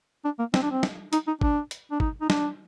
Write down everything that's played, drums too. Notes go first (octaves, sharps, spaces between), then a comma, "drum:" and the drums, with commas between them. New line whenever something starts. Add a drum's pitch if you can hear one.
D4
A#3
C4, drum: snare
D4
C4
drum: snare
D#4, drum: hi-hat
D#4
D4, drum: kick G#1
drum: hi-hat
D4
D#4, drum: kick G#1
D#4
D4, drum: snare